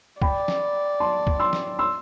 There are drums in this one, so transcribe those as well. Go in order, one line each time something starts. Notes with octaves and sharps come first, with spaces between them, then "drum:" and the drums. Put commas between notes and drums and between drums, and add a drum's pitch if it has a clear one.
D5 G5 B5, drum: kick
drum: snare
A5 C6
drum: kick
C6 E6
drum: snare
C6 E6